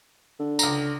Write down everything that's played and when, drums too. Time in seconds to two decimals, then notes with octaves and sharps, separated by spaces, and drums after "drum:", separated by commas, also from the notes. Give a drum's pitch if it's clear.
0.39 D3
0.59 C#2 A#5, drum: tambourine